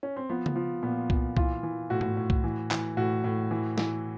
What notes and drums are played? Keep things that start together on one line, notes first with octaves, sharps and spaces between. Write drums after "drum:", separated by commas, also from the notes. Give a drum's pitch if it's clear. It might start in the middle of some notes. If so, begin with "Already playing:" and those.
C#4
C4
F3 B3
drum: tom C#3
F3
A#2 B3
A#2, drum: kick C2
E3 F4, drum: kick C2
E3
A2 F#4
drum: tom G#2
A2
drum: kick C2
E3
E3, drum: clap
A2 F#4
A2
E3
E3, drum: snare